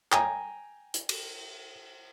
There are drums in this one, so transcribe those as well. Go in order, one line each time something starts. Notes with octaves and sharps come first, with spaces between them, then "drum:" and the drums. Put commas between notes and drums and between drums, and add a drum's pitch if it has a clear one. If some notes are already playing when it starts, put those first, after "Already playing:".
G5 G#5 A#5, drum: clap
drum: hi-hat
drum: cymbal